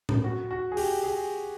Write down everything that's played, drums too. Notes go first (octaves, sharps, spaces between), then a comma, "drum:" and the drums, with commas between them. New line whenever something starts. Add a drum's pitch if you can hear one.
drum: tom A2
F#4
F#4
G#4
G4, drum: open hi-hat
G#4